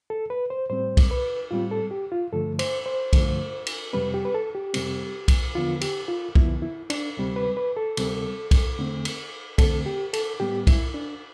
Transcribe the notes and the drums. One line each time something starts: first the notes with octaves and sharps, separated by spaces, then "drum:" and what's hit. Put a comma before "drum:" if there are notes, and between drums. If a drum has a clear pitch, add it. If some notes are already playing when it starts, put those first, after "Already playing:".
A4
B4
C5
A2 G3 C4 C5
drum: kick B1, cymbal
B4
A2 G3 C4 F4
A4
G4
F4
G2 D3 F3 A3 A4
C5, drum: cymbal
C5
G2 D3 F3 A3, drum: kick B1, cymbal
drum: cymbal
F2 C3 G3 C4 B4
G4
B4
A4
G4
F2 C3 G3 C4, drum: cymbal
drum: kick B1, cymbal
E2 D3 F3 B3 F4
G4, drum: cymbal
F4
E2 D3 F3 B3 E4, drum: kick B1
E4
D4, drum: cymbal
D2 C3 G3 C4
B4
B4
A4
D2 C3 G3 C4, drum: cymbal
drum: kick B1, cymbal
E2 D3 A3 C4
drum: cymbal
E2 D3 A3 C4 A4, drum: kick B1, cymbal
G4
A4, drum: cymbal
A2 G3 B3 G4
E4, drum: kick B1, cymbal
D4